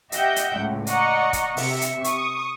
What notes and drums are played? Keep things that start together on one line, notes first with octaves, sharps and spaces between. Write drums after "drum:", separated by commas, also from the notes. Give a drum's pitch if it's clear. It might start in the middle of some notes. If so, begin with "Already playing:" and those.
G4 D#5 E5 F#5 G5 G6, drum: hi-hat
drum: hi-hat
C#2 A2
D5 D#5 F#5 A#5 C#6, drum: hi-hat
drum: kick, hi-hat
C3 E5 C#7, drum: open hi-hat
drum: hi-hat
C#6 D#6, drum: hi-hat